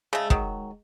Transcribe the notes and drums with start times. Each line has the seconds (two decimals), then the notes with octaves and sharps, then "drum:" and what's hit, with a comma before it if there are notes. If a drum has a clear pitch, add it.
0.13 C#3 G#3 A3
0.30 D#3 F#3, drum: kick